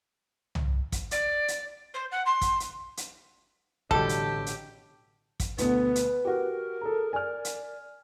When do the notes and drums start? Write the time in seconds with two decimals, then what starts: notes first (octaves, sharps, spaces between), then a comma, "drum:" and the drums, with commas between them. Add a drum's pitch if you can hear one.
0.55 drum: tom C2
0.92 drum: kick, hi-hat
1.11 D5, drum: hi-hat
1.48 drum: hi-hat
1.94 C5
2.11 F#5
2.25 C6
2.41 drum: kick, hi-hat
2.60 drum: hi-hat
2.97 drum: hi-hat
3.91 A1 B2 D3 F#3 G3 G4 A4, drum: kick
4.09 drum: hi-hat
4.46 drum: hi-hat
5.40 drum: kick, hi-hat
5.58 D2 B2 B3 B4, drum: hi-hat
5.96 drum: hi-hat
6.25 F#4 G4 A#4
6.81 G#4 A4 A#5
7.13 D5 G#5 F6
7.45 drum: hi-hat